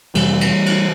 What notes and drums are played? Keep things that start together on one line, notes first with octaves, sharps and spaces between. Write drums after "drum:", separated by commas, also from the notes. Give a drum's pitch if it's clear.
F2 C3 E3 G3, drum: cymbal
drum: cymbal
drum: cymbal